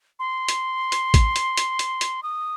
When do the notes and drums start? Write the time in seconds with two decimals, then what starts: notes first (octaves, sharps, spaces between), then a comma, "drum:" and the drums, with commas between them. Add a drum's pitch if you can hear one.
0.19 C6
0.48 drum: hi-hat
0.92 drum: hi-hat
1.14 drum: kick A1, hi-hat
1.36 drum: hi-hat
1.57 drum: hi-hat
1.79 drum: hi-hat
2.01 drum: hi-hat
2.23 D#6